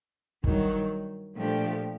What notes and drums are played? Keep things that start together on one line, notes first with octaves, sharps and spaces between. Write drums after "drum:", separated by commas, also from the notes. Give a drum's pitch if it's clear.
G2 D#3 F#3, drum: kick
A#2 F3 A3 D4 G4